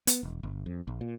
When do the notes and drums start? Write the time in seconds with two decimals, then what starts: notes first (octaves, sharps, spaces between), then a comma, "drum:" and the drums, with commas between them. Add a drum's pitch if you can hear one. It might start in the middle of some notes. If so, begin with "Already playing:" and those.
0.07 B3, drum: hi-hat
0.23 E1
0.43 G1
0.66 F2
0.87 A#1
1.01 A#2